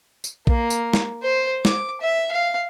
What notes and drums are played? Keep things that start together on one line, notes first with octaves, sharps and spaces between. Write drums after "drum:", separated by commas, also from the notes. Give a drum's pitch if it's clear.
drum: tambourine
A#3, drum: kick A#1
drum: tambourine
drum: snare
C5
D6, drum: snare
E5
F5